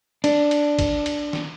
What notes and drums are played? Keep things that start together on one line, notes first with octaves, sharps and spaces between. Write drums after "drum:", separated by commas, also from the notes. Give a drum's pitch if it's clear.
D4, drum: cymbal
drum: cymbal
drum: kick A1, cymbal
drum: cymbal
drum: snare